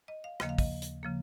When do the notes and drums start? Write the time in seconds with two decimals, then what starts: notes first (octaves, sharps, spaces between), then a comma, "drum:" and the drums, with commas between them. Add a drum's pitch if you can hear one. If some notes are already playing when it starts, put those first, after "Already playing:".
0.08 D#5
0.24 F5
0.40 D#2 C#3 F3 A#3 D#5, drum: rim click
0.49 F5
0.58 D#5, drum: kick, open hi-hat
0.82 drum: hi-hat
1.03 C#3 F3 A#3